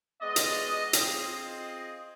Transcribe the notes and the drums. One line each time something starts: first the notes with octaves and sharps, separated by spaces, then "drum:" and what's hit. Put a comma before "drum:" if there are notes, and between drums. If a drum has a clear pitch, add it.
G#3 B3 D5 D#5
drum: hi-hat
C4 F4 G#4 D#5, drum: hi-hat